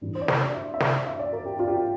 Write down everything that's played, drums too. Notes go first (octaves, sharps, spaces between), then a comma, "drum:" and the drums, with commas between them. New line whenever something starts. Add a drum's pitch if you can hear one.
G2 E3 G3
C5
D5
C5, drum: snare
D5
E5
E5
F5, drum: snare
E5
D5
A#4
G4
F4
G4
F4